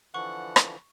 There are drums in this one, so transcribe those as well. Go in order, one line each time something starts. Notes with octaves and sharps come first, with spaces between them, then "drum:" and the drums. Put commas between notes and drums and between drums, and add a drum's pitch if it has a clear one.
D3 E3 F3 F#5 C#6
drum: rim click